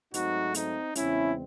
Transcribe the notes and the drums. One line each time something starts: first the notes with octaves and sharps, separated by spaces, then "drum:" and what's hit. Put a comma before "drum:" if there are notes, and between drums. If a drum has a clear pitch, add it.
G#2 F#3 A3 C4 D#4 F#4, drum: hi-hat
C4 D#4, drum: hi-hat
E2 C#3 G#3 C4 C#4 E4, drum: hi-hat